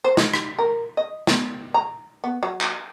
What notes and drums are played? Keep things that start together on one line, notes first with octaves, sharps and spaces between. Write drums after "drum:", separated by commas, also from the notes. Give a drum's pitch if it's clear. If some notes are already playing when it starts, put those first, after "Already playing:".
C5
D#4, drum: snare
drum: rim click
A#4
D#5
B3, drum: snare
A#5
B3
F#3
drum: clap